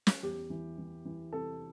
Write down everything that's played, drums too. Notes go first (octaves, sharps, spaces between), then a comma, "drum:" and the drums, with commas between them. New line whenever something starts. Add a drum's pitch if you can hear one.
drum: snare
E2 G4
E3
E3
E3
C3 A4